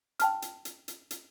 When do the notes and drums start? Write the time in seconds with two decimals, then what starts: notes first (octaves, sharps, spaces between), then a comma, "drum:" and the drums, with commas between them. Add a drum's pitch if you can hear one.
0.20 G5 A5 F6, drum: hi-hat
0.42 drum: hi-hat
0.65 drum: hi-hat
0.88 drum: hi-hat
1.11 drum: hi-hat